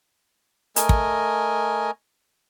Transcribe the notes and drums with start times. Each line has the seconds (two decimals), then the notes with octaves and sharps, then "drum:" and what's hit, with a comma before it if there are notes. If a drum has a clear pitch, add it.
0.76 A3 A#4 D#5 G#5, drum: hi-hat
0.89 drum: kick